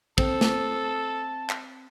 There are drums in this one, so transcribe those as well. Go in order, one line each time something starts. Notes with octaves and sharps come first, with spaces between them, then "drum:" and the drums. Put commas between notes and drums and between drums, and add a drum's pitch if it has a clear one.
C4 A4 A5, drum: kick
drum: snare
drum: clap